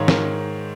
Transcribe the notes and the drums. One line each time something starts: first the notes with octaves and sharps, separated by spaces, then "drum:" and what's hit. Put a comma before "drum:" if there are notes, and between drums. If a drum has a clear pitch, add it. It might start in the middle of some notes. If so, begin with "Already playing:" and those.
Already playing: G#2 D#3 C#5 F5
A#4, drum: snare